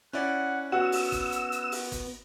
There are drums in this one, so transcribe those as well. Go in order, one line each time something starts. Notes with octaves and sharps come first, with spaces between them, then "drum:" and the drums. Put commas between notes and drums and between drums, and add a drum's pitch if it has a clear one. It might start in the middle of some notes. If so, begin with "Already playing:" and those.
C#4 E4 D5 F#5
B3 F#4 E6
drum: open hi-hat
drum: kick G1, hi-hat
drum: hi-hat
drum: hi-hat
drum: open hi-hat
drum: kick G1, hi-hat